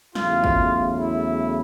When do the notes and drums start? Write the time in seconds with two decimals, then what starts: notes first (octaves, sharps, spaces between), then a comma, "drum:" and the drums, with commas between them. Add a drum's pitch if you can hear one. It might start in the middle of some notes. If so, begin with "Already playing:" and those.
0.15 E2 C#3 F#3 A3 F4, drum: snare
0.44 drum: kick
0.99 E4